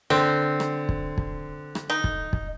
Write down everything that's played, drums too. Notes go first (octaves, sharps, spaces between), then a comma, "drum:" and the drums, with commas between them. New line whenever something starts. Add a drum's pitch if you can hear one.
D3 C4
drum: rim click
drum: kick
drum: kick
drum: rim click
D#4
drum: kick
drum: kick